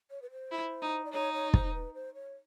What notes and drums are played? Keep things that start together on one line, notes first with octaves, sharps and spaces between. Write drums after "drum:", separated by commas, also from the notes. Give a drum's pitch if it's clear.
C#5
B4
C5
E4
D#4
D5
D#4 C#5
C#5
C5, drum: kick
B4
C5
C#5